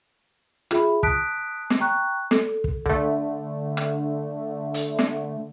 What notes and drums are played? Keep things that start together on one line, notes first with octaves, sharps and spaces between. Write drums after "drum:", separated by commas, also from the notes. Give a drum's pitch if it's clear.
F4 G#4 E5 B5, drum: rim click
A5 D#6 F#6 B6 D7, drum: kick
drum: snare
G5 A#5 C#6 F#6
A4, drum: snare
drum: kick
D3 A3, drum: kick
drum: rim click
drum: hi-hat
drum: snare